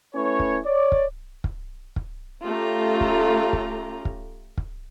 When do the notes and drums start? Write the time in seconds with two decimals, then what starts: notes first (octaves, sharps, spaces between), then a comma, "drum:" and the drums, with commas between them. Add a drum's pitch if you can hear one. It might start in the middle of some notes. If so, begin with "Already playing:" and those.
0.15 A3 C#4 E4 B4 C#5
0.40 drum: kick
0.66 C#5 D5
0.92 drum: kick
1.44 drum: kick
1.96 drum: kick
2.44 A3 C#4 F4 G4 A#5
3.01 drum: kick
3.53 drum: kick
4.05 drum: kick
4.57 drum: kick